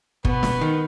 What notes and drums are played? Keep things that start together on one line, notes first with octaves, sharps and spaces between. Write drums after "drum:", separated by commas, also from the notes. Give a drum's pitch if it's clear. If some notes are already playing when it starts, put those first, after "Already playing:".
B2 B3, drum: kick
drum: snare
D#3